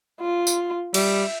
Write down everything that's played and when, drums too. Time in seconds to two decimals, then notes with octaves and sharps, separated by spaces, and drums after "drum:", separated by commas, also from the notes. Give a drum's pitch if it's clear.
0.21 F4
0.47 drum: tambourine
0.94 G3 E5, drum: cymbal